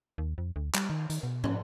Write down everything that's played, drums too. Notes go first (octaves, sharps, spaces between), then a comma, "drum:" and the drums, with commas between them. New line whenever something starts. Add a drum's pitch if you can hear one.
D#2
F2
D2
G3, drum: clap
D#3
D#3, drum: hi-hat
B2
C#4, drum: tom